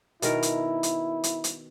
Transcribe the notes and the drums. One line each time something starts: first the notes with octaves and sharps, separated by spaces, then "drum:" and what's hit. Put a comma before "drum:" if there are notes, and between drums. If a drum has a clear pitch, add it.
B2 D#3 E4 A#4, drum: hi-hat
drum: hi-hat
drum: hi-hat
drum: hi-hat
drum: hi-hat